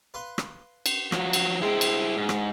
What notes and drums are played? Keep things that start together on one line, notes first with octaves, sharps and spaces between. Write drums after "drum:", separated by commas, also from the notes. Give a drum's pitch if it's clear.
B4 F5 C6
drum: rim click
drum: cymbal
F3 F#3 F#4, drum: rim click
drum: cymbal
G#3 E4 C5 G5
drum: cymbal
G#2
drum: rim click